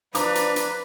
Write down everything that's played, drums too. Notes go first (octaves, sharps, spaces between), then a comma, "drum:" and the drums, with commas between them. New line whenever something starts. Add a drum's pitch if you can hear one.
F3 D4 B4 A#5 D6, drum: hi-hat
drum: hi-hat
drum: hi-hat